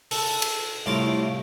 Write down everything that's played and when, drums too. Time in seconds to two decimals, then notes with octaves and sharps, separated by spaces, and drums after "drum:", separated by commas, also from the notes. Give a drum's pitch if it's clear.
0.11 A4, drum: open hi-hat
0.42 drum: cymbal
0.86 C2 A2 F4 D6